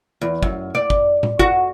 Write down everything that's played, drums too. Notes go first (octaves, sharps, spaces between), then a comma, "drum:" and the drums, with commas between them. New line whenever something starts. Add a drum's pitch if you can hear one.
E2
F#2, drum: kick
D5
drum: kick
drum: tom A2
F#4, drum: kick